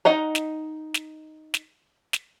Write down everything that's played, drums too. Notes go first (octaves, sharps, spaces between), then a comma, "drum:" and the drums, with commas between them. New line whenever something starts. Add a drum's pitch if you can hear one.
D#4 D#5 F#5 A#5
drum: snare
drum: snare
drum: snare
drum: snare